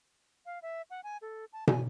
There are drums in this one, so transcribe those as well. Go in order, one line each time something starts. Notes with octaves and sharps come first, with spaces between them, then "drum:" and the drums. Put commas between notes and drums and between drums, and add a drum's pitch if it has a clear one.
F5
E5
F#5
G#5
A4
A5
G#5, drum: tom